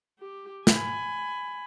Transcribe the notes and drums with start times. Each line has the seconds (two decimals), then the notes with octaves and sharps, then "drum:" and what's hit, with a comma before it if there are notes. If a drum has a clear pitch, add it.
0.19 G4
0.67 G#5 B5, drum: snare